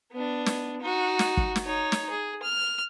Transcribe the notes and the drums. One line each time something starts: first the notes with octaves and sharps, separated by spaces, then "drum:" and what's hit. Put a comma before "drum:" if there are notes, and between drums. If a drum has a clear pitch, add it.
B3 D4
drum: snare
D#4 F#4
drum: snare
drum: kick
drum: snare
D#4 C#5
drum: snare
G#4
F6